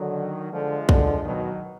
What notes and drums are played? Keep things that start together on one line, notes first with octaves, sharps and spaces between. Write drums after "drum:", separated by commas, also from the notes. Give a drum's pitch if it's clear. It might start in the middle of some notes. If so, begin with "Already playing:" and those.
Already playing: D3 D#3 F#3
D3 F3 G#3
D3, drum: kick B1
B2 D#3 F#3